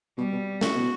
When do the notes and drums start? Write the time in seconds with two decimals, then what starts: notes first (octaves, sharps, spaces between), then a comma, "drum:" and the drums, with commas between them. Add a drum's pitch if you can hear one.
0.17 B2 G3
0.32 B2
0.61 C#3 F#4, drum: snare
0.74 B2